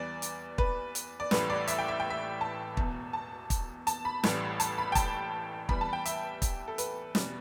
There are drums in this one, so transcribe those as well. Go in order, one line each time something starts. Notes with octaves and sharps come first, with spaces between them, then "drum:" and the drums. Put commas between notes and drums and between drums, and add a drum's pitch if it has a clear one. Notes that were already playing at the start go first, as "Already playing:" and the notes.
Already playing: E2 E3 G3 D5
drum: hi-hat
B4, drum: kick
drum: hi-hat
D5
A1 A2 E3 G3 B4, drum: snare
D5
E5, drum: hi-hat
G5
E5
G5
E5
A5
E1 E2 B2, drum: kick
A5
drum: kick, hi-hat
A5, drum: hi-hat
B5
A1 A2 E3 G3, drum: snare
A5, drum: hi-hat
B5
G5
A5, drum: kick, hi-hat
E2 E3 G3 B5, drum: kick
A5
G5
E5, drum: hi-hat
drum: kick, hi-hat
A4
B4, drum: hi-hat
E2 B2 G3, drum: snare